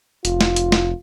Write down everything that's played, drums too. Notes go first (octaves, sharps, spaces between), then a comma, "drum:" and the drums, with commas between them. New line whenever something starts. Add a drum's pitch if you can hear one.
F1 F4, drum: hi-hat
drum: snare
drum: hi-hat
drum: snare